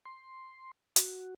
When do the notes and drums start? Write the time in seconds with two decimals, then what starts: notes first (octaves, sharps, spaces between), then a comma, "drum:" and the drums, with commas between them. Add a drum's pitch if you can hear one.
0.05 C6
0.96 F#4, drum: hi-hat